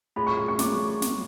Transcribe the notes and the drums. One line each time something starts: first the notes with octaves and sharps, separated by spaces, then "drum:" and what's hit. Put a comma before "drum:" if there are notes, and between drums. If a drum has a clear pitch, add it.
A3 F4 G#4 C#5 B5
C#6
C#6
C#6
A3 F4 G#4 C#5 D6, drum: snare
drum: snare